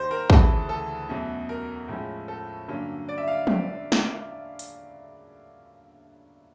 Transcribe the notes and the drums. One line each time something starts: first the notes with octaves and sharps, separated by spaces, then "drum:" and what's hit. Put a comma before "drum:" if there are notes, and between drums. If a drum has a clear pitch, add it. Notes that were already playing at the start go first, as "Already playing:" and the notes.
Already playing: D#2 D#3 G3 C5
A#4
D2 C#3 E3 A4, drum: kick
A4
E2 B2 F#3 A3 C#4
A#4
A2 F3 G#3 C#4
A4
G2 D3 F#3 A#3 C#4
D5
E5
F5
drum: tom
drum: snare
drum: hi-hat